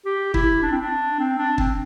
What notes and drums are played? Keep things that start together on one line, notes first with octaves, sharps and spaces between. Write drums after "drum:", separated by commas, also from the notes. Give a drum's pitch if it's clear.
G4
E4, drum: kick
D4
C4
D4
C4
D4
C4, drum: kick